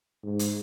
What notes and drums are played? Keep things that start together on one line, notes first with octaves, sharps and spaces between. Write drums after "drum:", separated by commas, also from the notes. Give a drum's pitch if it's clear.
G#2
drum: hi-hat